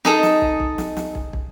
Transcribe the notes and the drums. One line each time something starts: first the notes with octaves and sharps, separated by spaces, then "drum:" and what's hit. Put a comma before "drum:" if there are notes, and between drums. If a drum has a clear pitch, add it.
D#4 G#4 A4 D#5, drum: snare
drum: snare
drum: kick
drum: kick
drum: snare
drum: snare
drum: kick
drum: kick